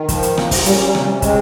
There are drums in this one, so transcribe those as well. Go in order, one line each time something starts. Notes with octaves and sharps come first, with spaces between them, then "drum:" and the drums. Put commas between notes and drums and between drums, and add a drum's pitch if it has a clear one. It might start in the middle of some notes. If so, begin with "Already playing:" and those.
Already playing: D#3
F3, drum: kick, hi-hat
drum: hi-hat
A#3, drum: rim click
drum: kick, open hi-hat
G3 C#4, drum: hi-hat
G3
C3, drum: rim click
G3
G#3 C4, drum: kick, hi-hat